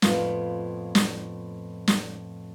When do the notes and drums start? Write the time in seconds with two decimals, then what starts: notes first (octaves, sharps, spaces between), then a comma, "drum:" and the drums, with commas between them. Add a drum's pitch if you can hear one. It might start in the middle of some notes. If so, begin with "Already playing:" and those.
0.02 F2 A2 B3 F4, drum: snare
0.95 drum: snare
1.87 drum: snare